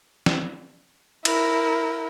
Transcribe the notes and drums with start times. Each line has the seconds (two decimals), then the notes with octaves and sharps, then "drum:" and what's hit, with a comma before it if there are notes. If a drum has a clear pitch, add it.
0.26 drum: snare
1.25 E4 A#4, drum: cymbal